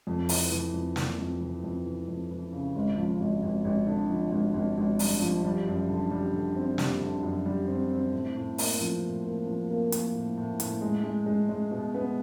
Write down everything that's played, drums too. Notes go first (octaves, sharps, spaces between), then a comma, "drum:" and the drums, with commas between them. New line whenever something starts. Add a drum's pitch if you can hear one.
F2
E3, drum: open hi-hat
E3
F2
E3, drum: snare
F2
E3
F2
E3
F2
E3
C#3
G#1
F3
G#1
G#1
G#1
D3
F3
G#1
G#1
G#1
G2, drum: open hi-hat
F3
G3
F#2
D3
G3
D3
C4
G3, drum: snare
D3
F#2
G3
C4
C4
A2
A2
A#3, drum: open hi-hat
F3
A2
A#3
F3
A#3
A#3, drum: hi-hat
A2
A2
A2, drum: hi-hat
G#3
G#3
G#3
G#3
B2
B3